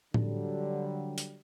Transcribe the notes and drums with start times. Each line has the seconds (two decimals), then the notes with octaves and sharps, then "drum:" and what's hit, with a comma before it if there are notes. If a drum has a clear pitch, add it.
0.14 D3 F#3 G3, drum: tom A2
1.18 drum: hi-hat